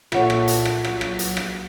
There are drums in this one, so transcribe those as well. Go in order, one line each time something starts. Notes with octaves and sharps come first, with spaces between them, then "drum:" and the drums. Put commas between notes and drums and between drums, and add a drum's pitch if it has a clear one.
A#2 F4 A4 C#5 E5 F#5, drum: rim click
drum: rim click
drum: hi-hat
drum: rim click
F#3, drum: rim click
drum: rim click
drum: hi-hat
drum: rim click